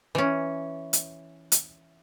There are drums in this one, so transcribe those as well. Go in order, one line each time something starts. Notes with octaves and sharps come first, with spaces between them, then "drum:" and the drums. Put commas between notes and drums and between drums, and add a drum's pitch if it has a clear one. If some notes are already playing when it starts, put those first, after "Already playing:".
E3 C#4
drum: hi-hat
drum: hi-hat